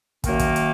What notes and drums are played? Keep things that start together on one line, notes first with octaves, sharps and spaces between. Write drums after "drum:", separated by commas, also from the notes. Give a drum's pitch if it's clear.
F#2 D#3 A#3, drum: kick, hi-hat
drum: kick, hi-hat
drum: hi-hat